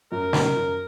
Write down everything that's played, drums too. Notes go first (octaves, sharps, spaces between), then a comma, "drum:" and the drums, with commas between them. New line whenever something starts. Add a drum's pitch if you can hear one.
F#2 A#4
D#3 A#3 C#4, drum: snare
F#2